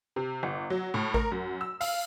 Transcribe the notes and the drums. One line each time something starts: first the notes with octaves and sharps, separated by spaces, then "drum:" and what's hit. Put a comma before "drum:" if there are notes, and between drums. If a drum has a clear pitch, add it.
C3
G1
F#3
A2
A#4, drum: kick A1
F#2
E6
F5, drum: open hi-hat